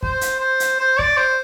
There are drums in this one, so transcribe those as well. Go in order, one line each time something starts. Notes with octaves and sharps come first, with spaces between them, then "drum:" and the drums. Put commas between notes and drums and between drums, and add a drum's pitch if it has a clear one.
C5, drum: kick
drum: hi-hat
C5
drum: hi-hat
C5
D5, drum: kick
C5